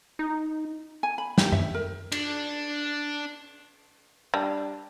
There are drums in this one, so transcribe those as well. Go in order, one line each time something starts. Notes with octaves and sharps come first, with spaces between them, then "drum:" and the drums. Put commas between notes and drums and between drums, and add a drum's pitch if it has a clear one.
D#4
G#5
B5
G4, drum: snare
E5, drum: tom F#2
A#4
D4, drum: cymbal
G3 D4 A5